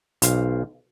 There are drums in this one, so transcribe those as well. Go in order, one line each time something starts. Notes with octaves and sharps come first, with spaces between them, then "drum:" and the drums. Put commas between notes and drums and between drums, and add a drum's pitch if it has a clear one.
B1 C5 F5, drum: hi-hat